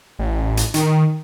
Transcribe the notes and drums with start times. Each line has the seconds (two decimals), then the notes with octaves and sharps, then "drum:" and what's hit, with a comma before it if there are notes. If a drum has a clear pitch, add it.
0.19 A1
0.57 drum: hi-hat
0.74 D#3, drum: hi-hat